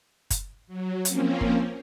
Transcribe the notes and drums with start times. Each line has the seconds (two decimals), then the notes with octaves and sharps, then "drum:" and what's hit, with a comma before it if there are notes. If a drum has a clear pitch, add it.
0.30 drum: kick, hi-hat
0.67 F#3
1.05 F3 A#3 C4 C#4, drum: hi-hat
1.41 drum: kick